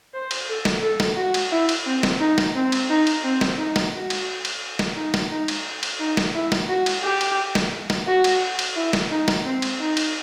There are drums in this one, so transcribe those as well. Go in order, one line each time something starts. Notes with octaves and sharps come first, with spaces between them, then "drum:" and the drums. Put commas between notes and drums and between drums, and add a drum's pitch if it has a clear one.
C5
drum: cymbal
A4
drum: snare
A4
drum: snare
F#4
drum: cymbal
E4
drum: cymbal
C4
drum: snare
D#4
drum: snare
C4
drum: cymbal
D#4
drum: cymbal
C4
drum: snare
D#4
drum: snare
F#4
drum: cymbal
drum: cymbal
drum: snare
D#4
drum: snare
D#4
drum: cymbal
drum: cymbal
D#4
drum: snare
E4
drum: snare
F#4
drum: cymbal
G4
drum: cymbal
drum: snare
drum: snare
F#4
drum: cymbal
drum: cymbal
E4
drum: snare
D#4
drum: snare
C4
drum: cymbal
D#4
drum: cymbal